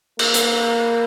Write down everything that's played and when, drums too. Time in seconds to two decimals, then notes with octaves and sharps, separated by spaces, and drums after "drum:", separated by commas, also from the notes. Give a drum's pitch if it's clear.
0.19 A#3, drum: cymbal
0.34 drum: hi-hat